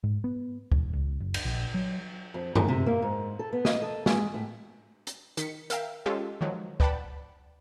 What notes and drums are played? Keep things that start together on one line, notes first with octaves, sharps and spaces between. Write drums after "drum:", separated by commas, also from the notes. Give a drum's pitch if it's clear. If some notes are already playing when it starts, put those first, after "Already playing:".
G#2
B3
E1, drum: kick
C#2
F#1
drum: cymbal
A#1
F#3
F2
D#2, drum: tom
C3
A#3
G#2
A4
B3
D#5, drum: snare
A4
G#3, drum: snare
A2
drum: hi-hat
D#3 B6 C#7, drum: hi-hat
A#4 E5 F5 G5, drum: hi-hat
G#3 C#4 F4 G4 A4
D#3 F3 F#3 G#3
B4 D5 F#5 G5 A5 B5, drum: kick